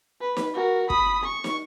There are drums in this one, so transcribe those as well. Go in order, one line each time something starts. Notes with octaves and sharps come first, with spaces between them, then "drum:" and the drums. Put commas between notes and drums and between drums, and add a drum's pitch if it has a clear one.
B4
drum: snare
F#4 A#4
B5 D#6, drum: kick
C#6
drum: snare